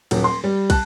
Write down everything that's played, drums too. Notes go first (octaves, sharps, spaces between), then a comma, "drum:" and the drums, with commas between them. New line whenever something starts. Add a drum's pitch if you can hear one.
D#1 F#3, drum: cymbal
C6
G3
A5 F#6, drum: kick, cymbal